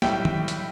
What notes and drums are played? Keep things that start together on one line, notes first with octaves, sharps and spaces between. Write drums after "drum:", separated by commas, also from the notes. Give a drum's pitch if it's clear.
B1 A2 G3 E5 G5, drum: snare
drum: tom
drum: hi-hat